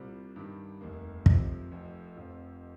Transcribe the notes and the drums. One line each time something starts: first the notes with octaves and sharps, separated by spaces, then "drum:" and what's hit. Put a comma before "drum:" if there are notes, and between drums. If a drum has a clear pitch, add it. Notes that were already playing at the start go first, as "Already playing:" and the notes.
Already playing: C2 A#2 G3 C4
G2 D#3 G3
F1 D#2 D#3 A#3
F2 C3 F3 C4, drum: kick
F1 F2 F3
F1 F2 F3 C4 F4